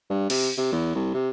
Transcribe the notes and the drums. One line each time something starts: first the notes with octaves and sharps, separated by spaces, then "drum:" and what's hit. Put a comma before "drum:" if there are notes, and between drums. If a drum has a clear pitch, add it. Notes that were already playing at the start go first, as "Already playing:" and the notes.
G2
C3, drum: cymbal
C3
E2
C2
C3